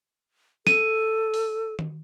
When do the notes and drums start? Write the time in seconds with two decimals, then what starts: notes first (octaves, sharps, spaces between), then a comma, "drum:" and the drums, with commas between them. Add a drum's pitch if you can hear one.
0.67 A4 D#7, drum: snare
1.34 drum: open hi-hat
1.79 drum: tom D#3